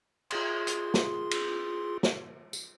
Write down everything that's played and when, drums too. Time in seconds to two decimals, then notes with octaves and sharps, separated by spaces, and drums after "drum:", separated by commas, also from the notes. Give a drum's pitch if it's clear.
0.31 F4 G#4 C6, drum: cymbal
0.67 drum: hi-hat
0.94 drum: snare
1.31 drum: cymbal
2.03 drum: snare
2.53 drum: tambourine